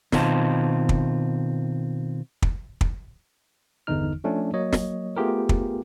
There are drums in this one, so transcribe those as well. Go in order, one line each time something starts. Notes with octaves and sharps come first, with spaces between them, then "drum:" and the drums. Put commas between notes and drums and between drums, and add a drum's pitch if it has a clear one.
B2 D#3 C4 F4 D#5 A5, drum: snare
drum: kick
drum: kick
drum: kick
G1 E2 D3 E3 D#4 F6
F3 A3 C#4 D4
F#3 A#3 C#5 D#5
drum: snare
A3 B3 F4 G4 G#4 A#4
drum: kick